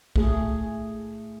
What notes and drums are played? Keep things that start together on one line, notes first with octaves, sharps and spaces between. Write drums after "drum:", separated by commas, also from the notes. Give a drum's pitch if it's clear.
A3 G#4, drum: kick